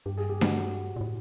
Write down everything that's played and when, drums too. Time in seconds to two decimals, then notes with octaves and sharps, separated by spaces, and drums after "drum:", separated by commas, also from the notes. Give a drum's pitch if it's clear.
0.06 G2 G4
0.18 G#4
0.29 G4
0.41 F#4, drum: snare D4
0.96 A#2
1.01 A2